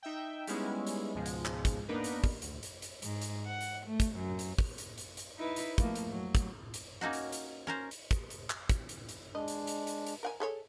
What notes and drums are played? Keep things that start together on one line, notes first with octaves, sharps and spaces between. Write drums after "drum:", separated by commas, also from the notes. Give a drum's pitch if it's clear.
D#4 E5 G5
G3 G#3 B3 C#4 D#4 E4, drum: hi-hat
drum: hi-hat
C#2 G#2 B2 F3 G#3
drum: hi-hat
drum: clap
drum: kick, hi-hat
A#3 B3 D4 D#4 A#4 B4
drum: hi-hat
drum: kick, open hi-hat
D2, drum: hi-hat
drum: hi-hat
drum: hi-hat
G#2, drum: hi-hat
drum: hi-hat
F#5
drum: hi-hat
A3
drum: kick, hi-hat
F#2
drum: hi-hat
drum: kick, open hi-hat
drum: hi-hat
drum: hi-hat
drum: hi-hat
D#4 E4 B4
drum: hi-hat
F3 A3 A#3, drum: kick, hi-hat
drum: hi-hat
F#3
drum: kick, hi-hat
drum: hi-hat
A#3 C#4 D#4 F#4
drum: hi-hat
drum: hi-hat
C#4 A#4 C5
drum: hi-hat
drum: kick, hi-hat
drum: hi-hat
drum: clap
drum: kick, hi-hat
drum: hi-hat
drum: hi-hat
G#3 D4 D#5
drum: hi-hat
drum: hi-hat
drum: hi-hat
drum: hi-hat
A#4 F#5 G#5
G#4 A4 C#5